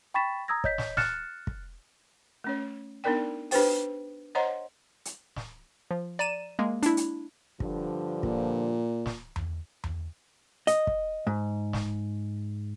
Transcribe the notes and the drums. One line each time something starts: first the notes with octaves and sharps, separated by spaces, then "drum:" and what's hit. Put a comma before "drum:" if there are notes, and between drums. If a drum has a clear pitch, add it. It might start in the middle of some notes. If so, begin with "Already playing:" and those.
G5 B5 C#6 A6 B6 E7
A#5 D#6 E6 G#6 A#6
C#5 D#5 G6 B6, drum: kick
drum: snare
F6 F#6 A6 C#7 E7, drum: snare
drum: kick
A3 C#4 C#5
B3 D4 D#4 A#4 D5 G5
D4 G4 B4 C5 G5, drum: open hi-hat
C5 C#5 D#5 F#5 A#5 C6
drum: hi-hat
drum: snare
F3
D5 A#5 D#7 E7
G#3 A#3
D4 E4, drum: hi-hat
drum: hi-hat
G2 D3 F3, drum: kick
A#2, drum: kick
drum: snare
drum: tom E2
drum: tom E2
D#5, drum: hi-hat
drum: kick
G#2
drum: snare